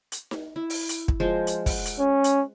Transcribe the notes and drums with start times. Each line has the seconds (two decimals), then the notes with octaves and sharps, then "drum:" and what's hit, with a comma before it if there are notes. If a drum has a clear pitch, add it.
0.12 drum: hi-hat
0.31 drum: snare D#4
0.56 E4
0.70 drum: open hi-hat
0.89 drum: hi-hat
1.08 drum: kick
1.20 F3 G#3 C5
1.47 drum: hi-hat
1.66 F#5, drum: kick, open hi-hat
1.85 drum: hi-hat
1.99 C#4
2.24 drum: hi-hat